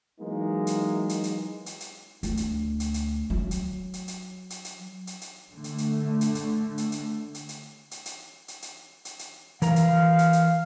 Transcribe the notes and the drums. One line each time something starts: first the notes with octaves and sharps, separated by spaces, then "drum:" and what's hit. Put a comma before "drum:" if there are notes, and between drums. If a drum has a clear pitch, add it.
E3 F#3 G#3 A#3 D#4
drum: hi-hat
drum: hi-hat
drum: hi-hat
drum: hi-hat
drum: hi-hat
D2, drum: hi-hat
drum: hi-hat
drum: hi-hat
drum: hi-hat
F#3
drum: hi-hat
drum: hi-hat
drum: hi-hat
drum: hi-hat
drum: hi-hat
drum: hi-hat
drum: hi-hat
D3 A3
drum: hi-hat
drum: hi-hat
drum: hi-hat
drum: hi-hat
drum: hi-hat
drum: hi-hat
drum: hi-hat
drum: hi-hat
drum: hi-hat
drum: hi-hat
drum: hi-hat
drum: hi-hat
drum: hi-hat
drum: hi-hat
E3 A#4 F5 A#5, drum: hi-hat
drum: hi-hat
drum: hi-hat
drum: hi-hat